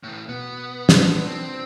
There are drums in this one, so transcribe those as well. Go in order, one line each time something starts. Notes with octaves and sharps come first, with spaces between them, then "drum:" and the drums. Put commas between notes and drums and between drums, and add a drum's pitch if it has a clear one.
A2 E3
B2 B3
D4 F4 A4, drum: snare
C4